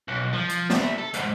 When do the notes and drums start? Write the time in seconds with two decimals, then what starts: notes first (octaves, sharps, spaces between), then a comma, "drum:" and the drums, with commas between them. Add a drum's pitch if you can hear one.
0.08 B1
0.33 F3
0.50 drum: hi-hat
0.70 G3 E5, drum: snare
0.98 A4
1.14 D2 G#2, drum: hi-hat